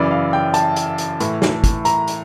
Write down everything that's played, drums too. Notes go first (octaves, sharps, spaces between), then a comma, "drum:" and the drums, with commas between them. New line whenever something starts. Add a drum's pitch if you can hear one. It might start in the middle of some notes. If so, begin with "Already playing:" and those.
Already playing: F#2 C#3 E3 D5
F5
G5
A5, drum: hi-hat
drum: hi-hat
drum: hi-hat
A2 E3, drum: hi-hat
drum: snare
drum: kick, hi-hat
A#5, drum: hi-hat
drum: hi-hat